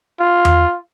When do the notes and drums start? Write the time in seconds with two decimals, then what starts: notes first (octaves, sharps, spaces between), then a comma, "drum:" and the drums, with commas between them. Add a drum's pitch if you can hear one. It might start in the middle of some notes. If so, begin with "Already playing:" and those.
0.20 F4
0.45 drum: tom E2